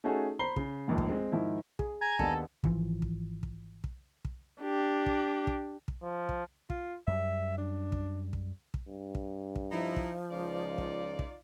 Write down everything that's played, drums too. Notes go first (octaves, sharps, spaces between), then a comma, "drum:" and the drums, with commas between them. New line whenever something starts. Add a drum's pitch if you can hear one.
A3 C#4 D#4 F#4 G#4 A4
C5 A#5 B5 C7 G7
C#3, drum: kick
F1 A#1 D#2 G#2
drum: kick
G#3 C4
G#2 D#3 F3 E4
G#4, drum: kick
G#5 A#5 G#6
D#2 B3 D4 A4, drum: kick
G#1 E3 F3, drum: kick
drum: kick
drum: kick
drum: kick
drum: kick
D4 G4
drum: kick
drum: kick
drum: kick
F3
drum: kick
F4, drum: kick
F#2 G3 E5
D4
drum: kick
drum: kick
drum: kick
G2
drum: kick
drum: kick
F3 D#4 E4
drum: kick
C#2 D#4 F4 D5
drum: kick
drum: kick